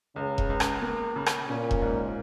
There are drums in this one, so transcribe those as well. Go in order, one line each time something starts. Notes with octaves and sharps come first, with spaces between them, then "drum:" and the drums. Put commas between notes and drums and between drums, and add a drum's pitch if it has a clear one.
C#2 C#3
drum: kick E1
C#2
drum: rim click
A#3
C#3
drum: rim click
A#2 C#4
drum: kick E1
G#2